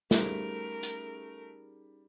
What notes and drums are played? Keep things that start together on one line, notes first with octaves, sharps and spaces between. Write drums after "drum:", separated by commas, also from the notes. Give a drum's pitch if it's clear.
G3 A3 C#4 D#4 G#4 A#4, drum: snare
drum: hi-hat